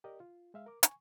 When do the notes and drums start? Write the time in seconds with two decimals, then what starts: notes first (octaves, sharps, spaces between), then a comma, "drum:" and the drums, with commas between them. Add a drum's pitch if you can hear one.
0.04 G4 A#4 D5 D#5
0.20 F4
0.54 G#3 E5 F5
0.66 A#4 D6
0.83 G#5 C#6, drum: hi-hat